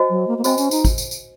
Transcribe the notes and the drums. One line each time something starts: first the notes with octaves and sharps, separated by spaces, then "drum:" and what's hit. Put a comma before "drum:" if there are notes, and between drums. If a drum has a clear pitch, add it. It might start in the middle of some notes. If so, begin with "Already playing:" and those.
Already playing: F#4 C5 D#5 G#5
F#3
A#3
A#3
C4 F#4 C5 D#5 G#5, drum: tambourine
C#4, drum: tambourine
D#4, drum: tambourine
drum: kick, tambourine
drum: tambourine
drum: tambourine